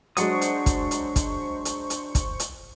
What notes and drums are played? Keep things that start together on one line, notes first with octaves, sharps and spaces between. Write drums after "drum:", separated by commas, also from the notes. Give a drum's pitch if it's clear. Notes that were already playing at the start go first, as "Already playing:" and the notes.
F#3 G#3 D4 C5 F#5 C#6 D#6, drum: hi-hat
drum: hi-hat
drum: kick, hi-hat
drum: hi-hat
drum: kick, hi-hat
drum: hi-hat
drum: hi-hat
drum: kick, hi-hat
drum: hi-hat